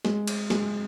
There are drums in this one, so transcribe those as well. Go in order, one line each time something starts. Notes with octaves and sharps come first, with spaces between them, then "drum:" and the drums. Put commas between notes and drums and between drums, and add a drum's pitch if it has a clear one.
G#3, drum: snare
drum: cymbal
G#3, drum: snare